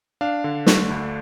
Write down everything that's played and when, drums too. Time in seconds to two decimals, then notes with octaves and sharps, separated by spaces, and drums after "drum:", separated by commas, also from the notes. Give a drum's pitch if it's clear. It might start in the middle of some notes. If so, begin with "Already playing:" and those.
0.21 D4 F5
0.44 D3
0.66 A3, drum: snare
0.90 D2